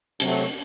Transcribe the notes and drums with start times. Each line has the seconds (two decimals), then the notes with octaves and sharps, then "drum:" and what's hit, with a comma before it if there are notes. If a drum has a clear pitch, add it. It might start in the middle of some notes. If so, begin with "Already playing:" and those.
0.20 C3 F#3 A3, drum: hi-hat